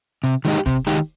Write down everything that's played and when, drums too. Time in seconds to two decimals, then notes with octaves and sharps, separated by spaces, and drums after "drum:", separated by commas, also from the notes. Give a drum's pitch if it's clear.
0.24 C3, drum: hi-hat
0.45 D#3 G#3 D#4 G4, drum: hi-hat
0.66 C3, drum: kick, hi-hat
0.87 D#3 G#3 D#4 G4, drum: hi-hat